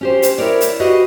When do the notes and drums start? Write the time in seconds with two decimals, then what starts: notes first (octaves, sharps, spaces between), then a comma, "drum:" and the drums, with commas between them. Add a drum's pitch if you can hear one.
0.01 C#4 G4 C5
0.22 drum: hi-hat
0.38 E4 A#4 C#5 D5
0.61 drum: hi-hat
0.80 F#4 G4 B4 D#5 F5